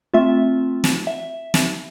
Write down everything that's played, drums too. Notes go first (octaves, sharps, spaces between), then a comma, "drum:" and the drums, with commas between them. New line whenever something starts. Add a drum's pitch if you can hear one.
A3 C4 F4 E5
drum: snare
E5
drum: snare